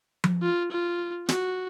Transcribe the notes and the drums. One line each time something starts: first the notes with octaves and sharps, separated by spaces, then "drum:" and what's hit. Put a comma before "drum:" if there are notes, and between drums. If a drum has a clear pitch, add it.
drum: tom F3
F4
F4
F#4, drum: snare